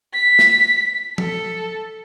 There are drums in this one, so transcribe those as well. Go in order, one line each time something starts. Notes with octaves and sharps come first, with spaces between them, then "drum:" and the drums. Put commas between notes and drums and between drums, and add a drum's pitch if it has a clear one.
B6
drum: snare
A4, drum: tom F3